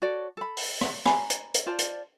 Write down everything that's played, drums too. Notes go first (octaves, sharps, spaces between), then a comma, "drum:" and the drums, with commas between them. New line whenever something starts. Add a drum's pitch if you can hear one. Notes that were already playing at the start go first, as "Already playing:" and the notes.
F#4 A4 C#5 D5
A4 B5
drum: open hi-hat
drum: rim click
G#5 A#5 B5, drum: rim click
drum: hi-hat
drum: hi-hat
F4 C5 D5 A5
drum: hi-hat